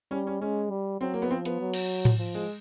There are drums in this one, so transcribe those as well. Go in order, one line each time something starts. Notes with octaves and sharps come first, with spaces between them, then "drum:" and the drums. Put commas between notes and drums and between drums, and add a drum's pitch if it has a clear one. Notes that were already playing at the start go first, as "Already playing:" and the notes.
G3 C#4
C#4
G#3 C#4
G3
F#3 C4
A#3
B3
F3 C4
B3, drum: hi-hat
F#3
drum: cymbal
drum: tom A2
F3
G#3